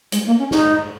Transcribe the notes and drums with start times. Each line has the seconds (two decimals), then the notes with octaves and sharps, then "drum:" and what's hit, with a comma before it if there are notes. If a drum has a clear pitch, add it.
0.12 G#3, drum: hi-hat
0.26 A#3
0.39 C#4
0.51 D#4, drum: snare